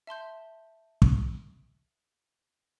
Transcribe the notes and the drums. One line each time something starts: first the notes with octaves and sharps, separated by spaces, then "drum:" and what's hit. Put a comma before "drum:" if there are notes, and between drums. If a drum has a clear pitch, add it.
E5 A5 C6 G6
drum: kick